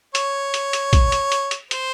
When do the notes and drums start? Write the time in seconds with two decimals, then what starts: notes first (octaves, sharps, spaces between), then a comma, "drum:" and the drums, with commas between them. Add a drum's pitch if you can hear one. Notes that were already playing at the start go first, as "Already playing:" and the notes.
0.15 C#5, drum: hi-hat
0.54 drum: hi-hat
0.73 drum: hi-hat
0.93 drum: kick, hi-hat
1.12 drum: hi-hat
1.32 drum: hi-hat
1.51 drum: hi-hat
1.71 C5, drum: hi-hat